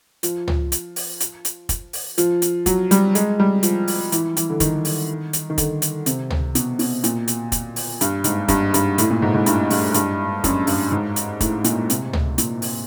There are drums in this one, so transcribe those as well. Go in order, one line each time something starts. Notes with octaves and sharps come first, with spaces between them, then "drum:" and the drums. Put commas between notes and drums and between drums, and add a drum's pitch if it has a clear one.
F3, drum: hi-hat
drum: tom
drum: hi-hat
drum: open hi-hat
drum: hi-hat
drum: hi-hat
drum: kick, hi-hat
drum: open hi-hat
F3, drum: hi-hat
drum: hi-hat
F#3, drum: kick, hi-hat
G3, drum: hi-hat
G#3, drum: hi-hat
G3
F3, drum: hi-hat
drum: open hi-hat
E3, drum: hi-hat
E3, drum: hi-hat
D3
D#3, drum: kick, hi-hat
drum: open hi-hat
drum: hi-hat
D#3
D3, drum: kick, hi-hat
drum: hi-hat
C3, drum: hi-hat
drum: tom
B2, drum: hi-hat
B2, drum: open hi-hat
A#2, drum: hi-hat
drum: hi-hat
drum: kick, hi-hat
drum: open hi-hat
G2, drum: hi-hat
G#2, drum: hi-hat
G2, drum: kick, hi-hat
G2, drum: hi-hat
A2, drum: hi-hat
A#2
G#2
G#2
G2, drum: hi-hat
G2, drum: open hi-hat
G2, drum: hi-hat
F#2, drum: kick, hi-hat
G2, drum: open hi-hat
G#2
drum: hi-hat
A2, drum: kick, hi-hat
A#2, drum: hi-hat
C3, drum: hi-hat
drum: tom
A#2, drum: hi-hat
drum: open hi-hat